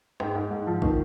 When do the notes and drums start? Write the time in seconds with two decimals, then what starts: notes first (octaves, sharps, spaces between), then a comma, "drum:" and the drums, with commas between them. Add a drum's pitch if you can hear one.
0.20 G#2 G5, drum: rim click
0.35 G#2
0.50 G#2
0.67 F3
0.82 D#3, drum: kick